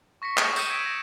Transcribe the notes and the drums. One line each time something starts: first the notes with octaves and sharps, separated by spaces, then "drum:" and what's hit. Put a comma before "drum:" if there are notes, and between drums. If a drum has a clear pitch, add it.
C#6 A#6 B6 C#7
D#6 E7, drum: clap
E6 G6 C#7 D#7 E7, drum: tambourine
D#6 G#6 B6 C#7 D7 E7
A#6 C#7